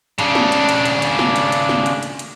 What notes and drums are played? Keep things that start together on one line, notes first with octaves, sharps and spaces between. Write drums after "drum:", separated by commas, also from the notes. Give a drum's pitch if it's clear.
C#3 D4, drum: hi-hat
drum: snare
drum: hi-hat
drum: hi-hat
drum: hi-hat
drum: hi-hat
drum: snare
drum: hi-hat
drum: hi-hat
drum: snare
drum: hi-hat
drum: hi-hat
drum: hi-hat